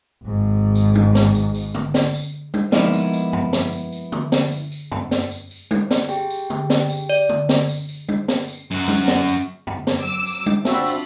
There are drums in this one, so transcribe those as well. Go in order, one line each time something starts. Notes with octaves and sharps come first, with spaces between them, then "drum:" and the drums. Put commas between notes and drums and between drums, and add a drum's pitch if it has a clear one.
G#1 G#2
drum: tambourine
drum: tom G3
drum: snare
drum: tambourine
drum: tambourine
drum: tom
drum: snare
drum: tambourine
drum: tom G3
F3 G#3 A#3 B3 D#4 E4, drum: snare
drum: tambourine
drum: tambourine
drum: tom
drum: snare
drum: tambourine
drum: tambourine
drum: tom
drum: snare
drum: tambourine
drum: tambourine
drum: tom
drum: snare
drum: tambourine
drum: tambourine
drum: tom G3
drum: snare
G4 G#4 G5, drum: tambourine
drum: tambourine
drum: tom
drum: snare
drum: tambourine
D5, drum: tambourine
drum: tom
drum: snare
drum: tambourine
drum: tambourine
drum: tom G3
drum: snare
drum: tambourine
F#2 F#4, drum: tambourine
drum: tom G3
drum: snare
drum: tambourine
drum: tom
drum: snare
F#3 D6 E6
drum: tambourine
drum: tom G3
C4 D4 F4 F#4 E5 B5, drum: snare
drum: tambourine